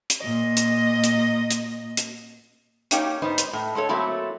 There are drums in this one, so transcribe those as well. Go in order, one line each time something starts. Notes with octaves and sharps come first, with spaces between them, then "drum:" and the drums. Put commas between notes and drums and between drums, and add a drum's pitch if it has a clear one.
drum: hi-hat
A#2 D#5
drum: hi-hat
drum: hi-hat
drum: hi-hat
drum: hi-hat
A#3 C#4 D#4 G4 C#5 G5, drum: hi-hat
G#2 B3 D#4 C5
drum: hi-hat
A2
G#3 A3 A4 C#5
F#3 A3 A#3 C4 E4